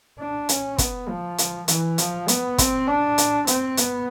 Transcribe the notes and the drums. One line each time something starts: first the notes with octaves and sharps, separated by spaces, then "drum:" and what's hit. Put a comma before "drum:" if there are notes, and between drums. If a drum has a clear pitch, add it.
D4
C#4, drum: hi-hat
B3, drum: kick, hi-hat
F3
drum: hi-hat
E3, drum: hi-hat
F3, drum: hi-hat
B3, drum: hi-hat
C4, drum: kick, hi-hat
D4
drum: hi-hat
C4, drum: hi-hat
B3, drum: hi-hat